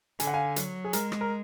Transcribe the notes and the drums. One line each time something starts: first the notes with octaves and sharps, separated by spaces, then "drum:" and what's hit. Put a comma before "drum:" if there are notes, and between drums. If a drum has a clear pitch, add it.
D3 G#5, drum: hi-hat
F#5
F5 G#5
F#3, drum: hi-hat
G#4
G#3 A#4, drum: hi-hat
drum: rim click
A#4